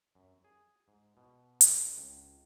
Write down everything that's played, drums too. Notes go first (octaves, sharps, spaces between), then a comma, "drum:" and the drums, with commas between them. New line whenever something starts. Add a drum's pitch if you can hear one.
F#2
G#4
G#2
B2
D3, drum: hi-hat
C#2